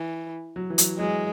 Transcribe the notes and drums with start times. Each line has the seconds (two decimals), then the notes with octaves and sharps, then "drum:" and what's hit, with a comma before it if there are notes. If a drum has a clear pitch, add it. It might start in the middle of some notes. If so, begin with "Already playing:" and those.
Already playing: E3
0.56 F#3
0.70 E3
0.78 F#3, drum: hi-hat
0.99 F#3 G#3